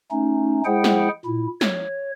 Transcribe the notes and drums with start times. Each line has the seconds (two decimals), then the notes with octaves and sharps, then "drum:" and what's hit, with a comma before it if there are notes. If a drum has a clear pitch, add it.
0.11 A3 C#4 D#4
0.65 G#3 E4 G#4 C5 F#5 G5
0.84 drum: snare
1.25 A#2 E4
1.61 C#5, drum: snare